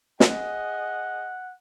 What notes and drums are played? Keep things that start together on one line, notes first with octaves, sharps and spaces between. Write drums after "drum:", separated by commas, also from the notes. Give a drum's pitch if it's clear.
G#4 D#5 F#5, drum: snare